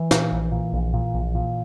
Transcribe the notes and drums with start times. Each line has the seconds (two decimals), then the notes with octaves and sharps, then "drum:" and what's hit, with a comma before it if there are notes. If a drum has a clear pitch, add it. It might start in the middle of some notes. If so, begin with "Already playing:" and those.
Already playing: E3
0.11 A#2, drum: snare
0.32 A#1
0.52 A#2
0.73 A#1
0.94 A#2
1.14 A#1
1.35 A#2